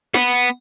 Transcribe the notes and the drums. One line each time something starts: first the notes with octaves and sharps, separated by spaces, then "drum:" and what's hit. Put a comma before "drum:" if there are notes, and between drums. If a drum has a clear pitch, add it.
B3, drum: snare